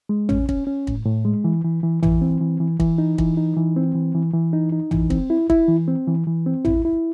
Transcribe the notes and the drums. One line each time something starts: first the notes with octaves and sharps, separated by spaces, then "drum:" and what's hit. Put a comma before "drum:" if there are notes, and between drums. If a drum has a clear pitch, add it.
G#3
C#4, drum: tom A1
C#4, drum: kick
C#4
A2, drum: kick
A2
G#3
E3
E3
E3
E3, drum: tom A1
C4
E3
E3
E3, drum: kick
D#4
E3, drum: kick
D#4
E3
C4
E3
E3
E3
D#4
D#4
E3, drum: tom A1
C4, drum: kick
E4
E4, drum: kick
E3
C4
E3
E3
C4
E4, drum: tom A1
E4